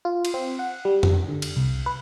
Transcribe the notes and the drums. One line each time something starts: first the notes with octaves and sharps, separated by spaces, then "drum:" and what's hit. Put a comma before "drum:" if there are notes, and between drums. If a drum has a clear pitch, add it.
F4
drum: cymbal
C4
F#5
G3
drum: tom F2
D3
drum: cymbal
C2
B4